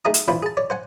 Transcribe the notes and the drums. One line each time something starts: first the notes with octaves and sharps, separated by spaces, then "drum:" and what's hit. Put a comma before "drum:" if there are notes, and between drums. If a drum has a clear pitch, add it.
A3 D#4 G#4 D#5 A#5 D#6
drum: hi-hat
E3 B3 D4 F4 B4 C5
G#4 A5
C#5 D5
C5 F#5 G#5